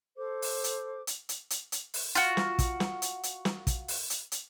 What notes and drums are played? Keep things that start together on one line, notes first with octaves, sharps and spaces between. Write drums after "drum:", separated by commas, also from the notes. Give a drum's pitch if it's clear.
A4 C5 D6
drum: open hi-hat
drum: hi-hat
drum: hi-hat
drum: hi-hat
drum: hi-hat
drum: hi-hat
drum: open hi-hat
F4 F#4, drum: hi-hat
drum: snare
drum: kick, hi-hat
drum: snare
drum: hi-hat
drum: hi-hat
drum: snare
drum: kick, hi-hat
drum: open hi-hat
drum: hi-hat
drum: hi-hat